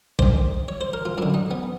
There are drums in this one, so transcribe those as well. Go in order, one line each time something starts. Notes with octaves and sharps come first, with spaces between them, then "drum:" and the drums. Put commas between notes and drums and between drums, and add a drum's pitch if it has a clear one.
G2 D#3 C5, drum: kick
C#5
C5
A#4
F4
F#2 D3 E4
D#4
B3